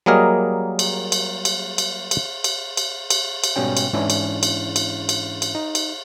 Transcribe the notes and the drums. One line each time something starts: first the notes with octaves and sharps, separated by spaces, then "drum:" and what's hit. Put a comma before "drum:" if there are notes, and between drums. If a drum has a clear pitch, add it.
F#3 G3 A#3 G#4 A#4 D#5
drum: cymbal
drum: cymbal
drum: cymbal
drum: cymbal
drum: cymbal
drum: cymbal
drum: cymbal
drum: cymbal
drum: cymbal
G#2 B2 G3 C#4 G5
drum: cymbal
G#2 E3 C#4 D4 E4
drum: cymbal
drum: cymbal
drum: cymbal
drum: cymbal
drum: cymbal
D#4
drum: cymbal